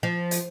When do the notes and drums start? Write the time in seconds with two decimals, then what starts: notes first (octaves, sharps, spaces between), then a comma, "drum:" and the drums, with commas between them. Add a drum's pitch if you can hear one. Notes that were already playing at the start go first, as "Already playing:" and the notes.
0.03 F3
0.31 drum: hi-hat